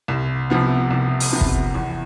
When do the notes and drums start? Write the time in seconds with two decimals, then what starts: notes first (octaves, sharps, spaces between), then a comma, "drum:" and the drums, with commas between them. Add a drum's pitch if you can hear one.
0.08 C2
0.50 C3 F3 B3
0.90 C2
1.20 drum: open hi-hat
1.32 C3 F3 B3
1.41 drum: kick
1.74 E2